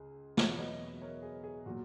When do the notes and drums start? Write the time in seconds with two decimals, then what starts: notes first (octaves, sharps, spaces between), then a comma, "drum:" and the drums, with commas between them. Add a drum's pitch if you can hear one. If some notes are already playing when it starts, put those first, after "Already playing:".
Already playing: C#2 G#4
0.37 E2 B2 F#3 C#5 E5, drum: snare
0.59 B4 D#5
1.01 A#4 C#5
1.22 G#4
1.44 G#4
1.66 A#2 F#3 F#4